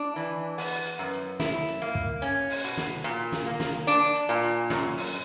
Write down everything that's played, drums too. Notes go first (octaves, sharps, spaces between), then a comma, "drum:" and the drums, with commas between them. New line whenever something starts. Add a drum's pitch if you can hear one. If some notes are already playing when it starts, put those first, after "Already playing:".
Already playing: D4
E3
B3, drum: open hi-hat
drum: hi-hat
F#2
drum: hi-hat
E4, drum: snare
drum: hi-hat
A#3
drum: kick
C#4, drum: hi-hat
drum: open hi-hat
B2
drum: snare
A#2, drum: hi-hat
drum: snare
A#3
drum: snare
D4, drum: hi-hat
drum: hi-hat
A#2
drum: hi-hat
F#2, drum: snare
drum: open hi-hat